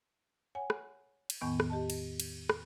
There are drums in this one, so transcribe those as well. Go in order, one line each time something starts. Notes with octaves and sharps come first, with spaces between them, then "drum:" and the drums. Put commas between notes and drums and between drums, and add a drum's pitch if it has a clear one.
C#5 F#5 G#5
drum: rim click
drum: cymbal
E2 A2 D#3 B3 G5 C#6
drum: rim click
G4 D#5 A5
drum: cymbal
drum: cymbal
drum: rim click